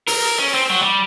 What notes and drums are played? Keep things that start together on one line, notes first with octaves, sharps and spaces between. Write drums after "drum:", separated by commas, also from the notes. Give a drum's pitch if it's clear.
A#4, drum: open hi-hat
C#4
C4
F#3
G3